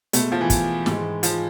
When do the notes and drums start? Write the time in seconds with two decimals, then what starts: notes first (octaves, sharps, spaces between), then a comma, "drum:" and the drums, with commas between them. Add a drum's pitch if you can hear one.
0.13 B2 G#3 A3 B3, drum: hi-hat
0.32 F3
0.41 E3
0.50 drum: kick, hi-hat
0.86 G#2 D#3 G#3, drum: snare
1.23 F3, drum: hi-hat